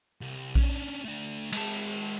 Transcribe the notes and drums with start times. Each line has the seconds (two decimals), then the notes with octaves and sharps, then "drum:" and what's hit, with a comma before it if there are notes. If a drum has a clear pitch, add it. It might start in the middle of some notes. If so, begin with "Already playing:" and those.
0.21 C2
0.55 C#4 D4, drum: kick A#1
1.05 A3 D4
1.52 G#3 A5, drum: cymbal